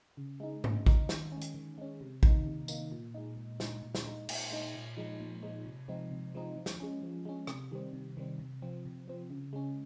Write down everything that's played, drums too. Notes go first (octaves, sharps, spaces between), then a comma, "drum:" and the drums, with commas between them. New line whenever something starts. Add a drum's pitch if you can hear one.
C#3
G#3 D#4
C#3, drum: tom G#2
G#3 D#4, drum: kick A1
D#3, drum: snare
G#3 C#4
drum: hi-hat
D#3
G#3 C#4
C3
D#3 A#3 D#4, drum: kick A1
C3
D#3 A#3 D#4, drum: tambourine
A#2
G#3 D#4
A#2
G#3 D#4, drum: snare
A#2
drum: snare
G#3 D#4
A#2, drum: cymbal
G#3 D#4
A#2
F3 G#3 D#4
A#2
F3 G#3 D#4
C3
F3 G#3 C4 D#4
C3
F3 G#3 C4 D#4
F3
drum: snare
G#3 C#4
F3
G#3 C#4
C3, drum: rim click
D#3 G3 C4
C3
D#3 G3 C4
C3
F3 C4
C3
F3 C4
C#3
G#3 C#4